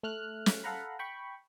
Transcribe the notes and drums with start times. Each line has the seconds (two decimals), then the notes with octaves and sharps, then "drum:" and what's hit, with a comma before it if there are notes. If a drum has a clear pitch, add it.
0.03 A3 F6 F#6
0.46 drum: snare
0.64 A4 F5 F#5 A#5 B5
0.99 G5 B5 C#6